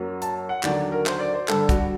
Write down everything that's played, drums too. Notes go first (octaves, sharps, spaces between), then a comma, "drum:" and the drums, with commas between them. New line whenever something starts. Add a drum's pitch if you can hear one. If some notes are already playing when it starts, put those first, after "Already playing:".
Already playing: F#2 F#3 A#3
A5, drum: hi-hat
F#5
D#2 D3 F#3 D5, drum: clap
A#4
C5, drum: clap
D5
C5
G2 D3 G3 A4, drum: clap
F#4, drum: kick, hi-hat